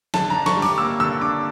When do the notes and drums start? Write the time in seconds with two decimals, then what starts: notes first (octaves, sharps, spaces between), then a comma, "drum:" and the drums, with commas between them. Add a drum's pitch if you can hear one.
0.14 D3 A5, drum: snare
0.30 D4 A#5
0.46 C#6, drum: snare
0.57 G3
0.62 D6, drum: open hi-hat
0.78 A#3 E6
1.00 D3 E6
1.21 D4 D6